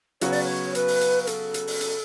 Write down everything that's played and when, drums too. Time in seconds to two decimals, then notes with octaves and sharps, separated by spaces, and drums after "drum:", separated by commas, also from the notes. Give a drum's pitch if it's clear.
0.21 C#3 F#3 B3 F#4 C#5, drum: hi-hat
0.32 D5, drum: open hi-hat
0.44 C#5
0.75 B4, drum: hi-hat
0.88 drum: open hi-hat
1.01 drum: hi-hat
1.23 B4
1.27 A4, drum: hi-hat
1.54 drum: hi-hat
1.67 drum: open hi-hat
1.81 drum: hi-hat